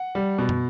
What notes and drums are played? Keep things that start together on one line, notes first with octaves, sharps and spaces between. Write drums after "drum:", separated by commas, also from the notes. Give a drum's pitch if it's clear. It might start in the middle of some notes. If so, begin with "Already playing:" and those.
Already playing: F#5
G3
B2
drum: tom